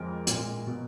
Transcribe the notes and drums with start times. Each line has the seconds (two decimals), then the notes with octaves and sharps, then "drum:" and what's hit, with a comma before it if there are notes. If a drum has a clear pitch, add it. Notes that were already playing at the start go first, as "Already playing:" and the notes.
Already playing: F2 F3 G#3 A#4
0.27 A#1 A#2 G#3, drum: hi-hat
0.66 B2 F#3